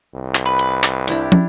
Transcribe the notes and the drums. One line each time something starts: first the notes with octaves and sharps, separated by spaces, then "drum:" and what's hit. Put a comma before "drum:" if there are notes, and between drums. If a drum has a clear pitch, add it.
C2
drum: clap
B4
drum: hi-hat
drum: clap
D4 E4 G4, drum: hi-hat
drum: tom